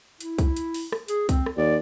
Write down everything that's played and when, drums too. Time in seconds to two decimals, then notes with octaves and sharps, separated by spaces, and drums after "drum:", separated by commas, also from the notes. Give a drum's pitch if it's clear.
0.21 E4, drum: hi-hat
0.39 drum: kick B1, hi-hat
0.56 drum: hi-hat
0.74 drum: open hi-hat
0.92 drum: rim click
1.08 G#4, drum: hi-hat
1.29 C4, drum: kick B1, hi-hat
1.46 drum: rim click
1.57 D#2 D5